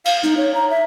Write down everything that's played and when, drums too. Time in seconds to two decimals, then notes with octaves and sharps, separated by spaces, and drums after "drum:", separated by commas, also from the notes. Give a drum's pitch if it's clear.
0.05 F5, drum: cymbal
0.23 D#4, drum: hi-hat
0.37 C#5
0.54 A#5
0.70 E5